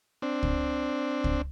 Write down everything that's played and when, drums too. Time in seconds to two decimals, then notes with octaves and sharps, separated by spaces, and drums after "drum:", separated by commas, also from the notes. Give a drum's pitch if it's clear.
0.22 C4 D4
0.43 drum: kick
1.24 drum: kick